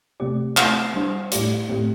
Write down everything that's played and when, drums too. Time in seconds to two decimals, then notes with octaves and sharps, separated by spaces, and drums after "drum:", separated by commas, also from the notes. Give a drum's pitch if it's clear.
0.20 C3 A3 C4 G4 D5
0.57 A3 C4 E4, drum: clap
0.94 G3 D4 C5
1.32 A2 A3 E4 G4 D5, drum: hi-hat
1.70 A2 A3 C4 G4